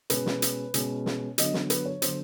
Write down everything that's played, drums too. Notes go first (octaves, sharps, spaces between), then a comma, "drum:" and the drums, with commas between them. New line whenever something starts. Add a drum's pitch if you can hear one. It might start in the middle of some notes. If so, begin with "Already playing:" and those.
B2 G#3 C#4 B4, drum: hi-hat
drum: snare
drum: hi-hat
B2 G#3 C#4, drum: hi-hat
drum: snare
D3 F#3 B3 D4 D#5, drum: hi-hat
drum: snare
B4, drum: hi-hat
C#5
D3 F#3 B3 D4 C5, drum: hi-hat